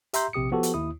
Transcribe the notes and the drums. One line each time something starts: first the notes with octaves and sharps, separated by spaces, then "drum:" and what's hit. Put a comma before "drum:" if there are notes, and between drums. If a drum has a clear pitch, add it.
G4 E5 A#5 C6 G6, drum: hi-hat
A#1 C3 G4 D#6 C#7
F3 B3 F#4 G4 A4
drum: hi-hat
D#2 E4 D#6